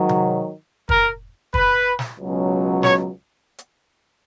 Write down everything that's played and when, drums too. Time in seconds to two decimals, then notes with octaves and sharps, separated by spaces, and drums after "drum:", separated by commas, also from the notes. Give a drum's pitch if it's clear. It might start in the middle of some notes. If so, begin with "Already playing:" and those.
Already playing: G#2 D#3 F#3
0.09 drum: tom C3
0.89 A#4, drum: kick
1.54 B4, drum: kick
1.99 drum: snare
2.19 C#2 B2 F#3 C#4
2.83 C#5, drum: snare
3.58 drum: hi-hat